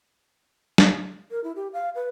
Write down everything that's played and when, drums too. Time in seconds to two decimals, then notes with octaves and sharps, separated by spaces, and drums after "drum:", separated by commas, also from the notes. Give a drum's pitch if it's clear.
0.78 drum: snare
1.31 A#4
1.44 E4
1.56 G4
1.73 F5
1.95 B4